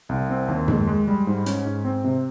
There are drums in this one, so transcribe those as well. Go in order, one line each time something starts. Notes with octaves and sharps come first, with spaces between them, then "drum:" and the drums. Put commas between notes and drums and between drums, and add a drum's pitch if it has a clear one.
C2
C4
D#2
G#3, drum: tom
G#3
G3
G#2
C#4, drum: hi-hat
G#2
C4
C3